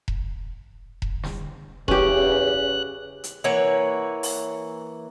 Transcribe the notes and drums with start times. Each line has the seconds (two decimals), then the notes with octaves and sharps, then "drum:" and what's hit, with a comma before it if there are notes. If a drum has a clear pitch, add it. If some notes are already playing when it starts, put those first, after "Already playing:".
0.08 drum: kick E1
1.02 drum: kick E1
1.23 drum: snare
1.88 E2 C#3 C#4 G4 F#6, drum: kick E1
3.24 drum: hi-hat
3.44 E3 A#3 C#5 F#5
4.23 drum: open hi-hat